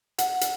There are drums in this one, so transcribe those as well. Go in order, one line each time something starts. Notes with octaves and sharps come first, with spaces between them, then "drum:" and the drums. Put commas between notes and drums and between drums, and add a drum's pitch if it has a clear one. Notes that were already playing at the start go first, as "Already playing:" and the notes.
F#5, drum: hi-hat
drum: hi-hat